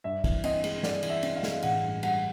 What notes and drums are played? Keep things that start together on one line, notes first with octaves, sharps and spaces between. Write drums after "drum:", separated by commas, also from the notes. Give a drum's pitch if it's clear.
G2 E5
E3, drum: kick, cymbal
C4 D#5, drum: cymbal
G#3, drum: cymbal
G2 D5, drum: snare
E3, drum: cymbal
E5
C4, drum: cymbal
F5
G#3, drum: snare
A1 F#5, drum: cymbal
G2
G3 F#5, drum: cymbal